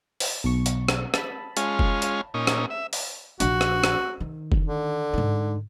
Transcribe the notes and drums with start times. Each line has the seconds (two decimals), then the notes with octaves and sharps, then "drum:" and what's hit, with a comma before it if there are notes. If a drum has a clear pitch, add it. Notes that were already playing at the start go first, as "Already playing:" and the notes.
0.20 drum: open hi-hat
0.44 B1 C#6
0.66 drum: hi-hat
0.88 drum: rim click
1.14 A5 B5, drum: rim click
1.57 G#3 C#4 F4, drum: hi-hat
1.79 drum: kick F1
2.02 drum: hi-hat
2.34 A#2 C#4 D#4
2.47 drum: rim click
2.70 E5
2.93 drum: open hi-hat
3.40 A#1 D4 F#4, drum: hi-hat
3.61 drum: rim click
3.84 drum: rim click
4.20 D#3
4.52 drum: kick F1
4.66 D3
5.13 G#2 D#4